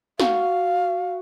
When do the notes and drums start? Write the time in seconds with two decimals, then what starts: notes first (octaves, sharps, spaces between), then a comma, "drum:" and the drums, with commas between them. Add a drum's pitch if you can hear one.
0.20 F#4 F5, drum: snare